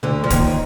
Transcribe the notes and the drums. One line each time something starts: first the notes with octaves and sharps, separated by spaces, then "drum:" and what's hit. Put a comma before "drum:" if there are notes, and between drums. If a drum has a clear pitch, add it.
D2 D3
F3
D#2 D#3, drum: kick, hi-hat